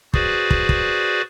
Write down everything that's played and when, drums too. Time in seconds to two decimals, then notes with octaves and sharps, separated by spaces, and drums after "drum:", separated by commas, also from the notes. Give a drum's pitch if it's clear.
0.14 F#4 G#4 B4 C5 D5, drum: kick
0.51 drum: kick
0.69 drum: kick